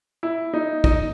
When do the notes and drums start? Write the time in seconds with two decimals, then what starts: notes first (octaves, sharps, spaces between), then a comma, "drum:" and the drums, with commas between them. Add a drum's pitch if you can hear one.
0.23 E4
0.54 D#4
0.84 D#4, drum: kick